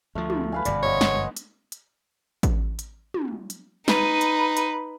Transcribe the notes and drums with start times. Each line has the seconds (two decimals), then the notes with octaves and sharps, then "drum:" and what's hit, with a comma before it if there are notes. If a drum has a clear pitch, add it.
0.15 D2 F3 A3
0.30 drum: tom
0.52 B4 F5 G#5
0.65 G1 F#2 B2 D5, drum: hi-hat
0.83 C5 C#5 D#5 F#5
1.01 drum: snare
1.37 drum: hi-hat
1.72 drum: hi-hat
2.43 drum: kick A1, hi-hat
2.79 drum: hi-hat
3.14 drum: tom
3.50 drum: hi-hat
3.88 D#4 B4, drum: snare
4.21 drum: hi-hat
4.57 drum: hi-hat